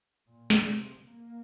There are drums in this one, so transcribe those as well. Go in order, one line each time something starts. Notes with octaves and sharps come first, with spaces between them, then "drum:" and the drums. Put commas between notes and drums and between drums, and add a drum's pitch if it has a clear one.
A#2
drum: snare
C3
A#3